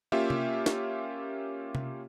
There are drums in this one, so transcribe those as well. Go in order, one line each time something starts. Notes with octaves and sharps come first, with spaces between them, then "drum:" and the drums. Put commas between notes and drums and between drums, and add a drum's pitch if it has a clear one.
A#3 C#4 F4 G4 E5
drum: tom C3
drum: snare
drum: tom C3